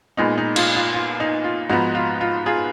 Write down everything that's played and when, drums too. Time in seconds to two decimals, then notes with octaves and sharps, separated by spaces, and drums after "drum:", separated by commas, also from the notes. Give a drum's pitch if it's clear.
0.17 A#2 G#3 B3 D#4
0.38 D#4
0.56 F4, drum: cymbal
0.75 F4
0.94 F4
1.20 D#4
1.44 F4
1.69 G#2 F3 B3 D#4 F#4
1.95 F4
2.21 F4
2.46 F4 G#4